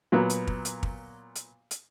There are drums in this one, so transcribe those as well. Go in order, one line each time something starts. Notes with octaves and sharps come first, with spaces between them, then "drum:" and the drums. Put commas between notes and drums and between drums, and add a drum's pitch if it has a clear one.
A#2 F#3 B3
drum: hi-hat
drum: kick
drum: hi-hat
drum: kick
drum: hi-hat
drum: hi-hat